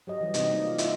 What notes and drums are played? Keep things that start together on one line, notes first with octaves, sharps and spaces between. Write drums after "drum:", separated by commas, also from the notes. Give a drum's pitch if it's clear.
F#3 G4 D#5
E3 G3
C3 G#3 C4 D#4 D#5, drum: hi-hat
A#3 D5
F4 F5
E4 F4 D#5 E5, drum: hi-hat